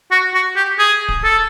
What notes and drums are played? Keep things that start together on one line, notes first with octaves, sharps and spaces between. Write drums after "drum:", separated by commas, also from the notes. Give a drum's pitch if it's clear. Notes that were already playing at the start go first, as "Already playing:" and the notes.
F#4
F#4
G4
G#4
drum: kick D1
A4